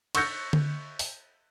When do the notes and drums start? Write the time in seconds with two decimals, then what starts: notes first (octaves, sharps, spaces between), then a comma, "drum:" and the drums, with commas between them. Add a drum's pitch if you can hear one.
0.15 C#6 E6 F#6 G6 A#6 C#7, drum: cymbal
0.53 drum: tom D3
0.99 drum: open hi-hat